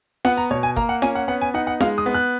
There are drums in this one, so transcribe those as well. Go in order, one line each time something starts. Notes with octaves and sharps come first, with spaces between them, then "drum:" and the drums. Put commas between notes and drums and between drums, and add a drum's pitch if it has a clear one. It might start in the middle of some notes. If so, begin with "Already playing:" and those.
B3 F#5, drum: snare
A#5
B2 C#5
G#5
A#3 A#5, drum: kick G1
F#5
C#4 G#5, drum: snare
F#5
B3 F#5
G#5
D#4 F#5
F#5
G#3 F5, drum: snare
D#6
B3
F#6